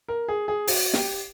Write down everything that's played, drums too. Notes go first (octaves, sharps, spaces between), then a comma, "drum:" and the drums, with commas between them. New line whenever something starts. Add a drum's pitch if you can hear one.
A#4
G#4
G#4
F#4, drum: open hi-hat
G4, drum: snare